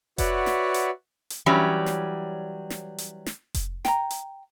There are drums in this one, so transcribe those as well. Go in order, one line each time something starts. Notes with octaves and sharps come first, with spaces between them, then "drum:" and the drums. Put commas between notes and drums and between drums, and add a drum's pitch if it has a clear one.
F#4 B4 C#5 D5 E5 F#5, drum: kick F1, hi-hat
drum: snare
drum: hi-hat
drum: hi-hat
E3 F#3 G3 C#4
drum: snare
drum: snare
drum: hi-hat
drum: snare
drum: kick F1, hi-hat
G5 A#5, drum: snare
drum: hi-hat